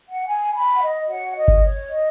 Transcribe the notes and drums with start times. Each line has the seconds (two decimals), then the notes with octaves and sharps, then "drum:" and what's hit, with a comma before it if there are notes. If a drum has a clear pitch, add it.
0.09 F#5
0.28 G#5
0.55 B5
0.73 F#5
0.81 D#5
1.08 F#4 C#5 F#5
1.35 D#5
1.48 drum: kick G1
1.61 C#5
1.88 D#5